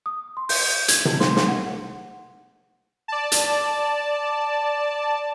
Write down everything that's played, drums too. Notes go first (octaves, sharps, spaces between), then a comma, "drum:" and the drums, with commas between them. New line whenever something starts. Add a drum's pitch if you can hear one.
D#6
C6
G6, drum: open hi-hat
G#6, drum: hi-hat
drum: tom C3
C6, drum: snare
drum: snare
F#5
D5 A5
drum: hi-hat